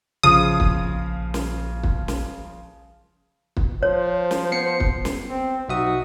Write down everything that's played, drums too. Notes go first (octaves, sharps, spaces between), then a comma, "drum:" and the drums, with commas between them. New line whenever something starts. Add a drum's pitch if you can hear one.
A#1 C#3 F3 D#6
drum: kick
drum: snare
drum: kick
drum: snare
drum: kick
F3 C5 C#5
drum: snare
B3 C7 C#7
drum: kick
drum: snare
C4
B1 D#4 F#4 E5 D#6